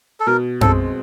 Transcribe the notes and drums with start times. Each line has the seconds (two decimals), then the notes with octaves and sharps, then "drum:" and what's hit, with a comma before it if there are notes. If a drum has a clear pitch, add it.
0.20 A4
0.26 B2 A#4
0.61 G#3 C4 A4, drum: tom F#2